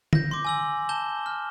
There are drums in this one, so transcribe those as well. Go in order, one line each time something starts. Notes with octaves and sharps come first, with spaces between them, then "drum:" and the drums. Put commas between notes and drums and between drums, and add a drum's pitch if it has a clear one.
G6 A#6, drum: tom D3
C6 D6
G#5 E6 F#7
A5 G6 E7 G7
F6